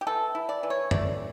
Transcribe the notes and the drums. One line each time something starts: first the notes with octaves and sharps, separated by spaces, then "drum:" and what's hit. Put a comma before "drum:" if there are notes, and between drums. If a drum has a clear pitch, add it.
G4
E3 A4
E4
D5
E3
C#5
A3 D5, drum: tom